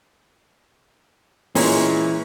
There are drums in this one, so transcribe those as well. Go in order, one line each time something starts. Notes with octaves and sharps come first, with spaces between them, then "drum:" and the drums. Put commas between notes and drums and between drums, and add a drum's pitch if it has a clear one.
A#2 E3 G#3 C#4, drum: open hi-hat